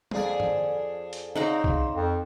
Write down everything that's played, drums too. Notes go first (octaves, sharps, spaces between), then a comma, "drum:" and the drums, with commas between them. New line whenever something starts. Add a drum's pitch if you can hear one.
F2 G#4 D5, drum: tom G3
drum: tom G2
drum: hi-hat
C#3 C4 D#4 F#5 A#5
drum: kick
F2